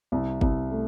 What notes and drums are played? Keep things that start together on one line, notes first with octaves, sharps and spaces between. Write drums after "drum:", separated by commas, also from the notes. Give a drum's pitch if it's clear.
C2
C2, drum: kick G1
A3